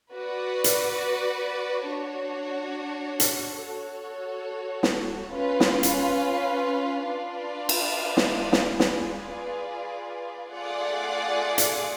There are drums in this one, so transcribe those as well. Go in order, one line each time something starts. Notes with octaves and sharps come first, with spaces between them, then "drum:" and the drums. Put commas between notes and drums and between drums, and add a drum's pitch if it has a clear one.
F#4 B4 D5
drum: hi-hat
D4 F#4 C#5
drum: hi-hat
F#4 A4 C#5
drum: snare
C#4 F4 B4
drum: snare
drum: hi-hat
D4 F4 B4 D5
drum: cymbal
drum: snare
drum: snare
F4 G#4 B4 D5, drum: snare
A3 F4 G#4 D5 F#5
drum: hi-hat